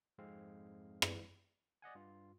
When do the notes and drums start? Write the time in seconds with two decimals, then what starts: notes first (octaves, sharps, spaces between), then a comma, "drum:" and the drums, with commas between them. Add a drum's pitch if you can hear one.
0.18 F2 G#2 G#3 C4 F5
1.02 drum: rim click
1.82 D5 D#5 F#5 G#5
1.95 G2 F4